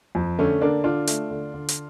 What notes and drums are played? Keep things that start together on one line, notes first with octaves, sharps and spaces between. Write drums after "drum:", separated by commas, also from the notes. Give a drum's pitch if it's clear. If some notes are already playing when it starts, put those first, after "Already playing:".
F2
D3 A3 C#4
D3 A#3 D4
D3 D4 F4
A3, drum: hi-hat
D3
D3
drum: hi-hat